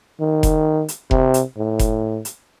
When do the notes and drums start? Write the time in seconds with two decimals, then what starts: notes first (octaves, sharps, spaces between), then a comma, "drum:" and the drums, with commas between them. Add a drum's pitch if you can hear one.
0.20 D#3
0.43 drum: kick F1, hi-hat
0.88 drum: hi-hat
1.11 C3, drum: kick F1
1.34 drum: hi-hat
1.57 A2
1.79 drum: kick F1, hi-hat
2.25 drum: hi-hat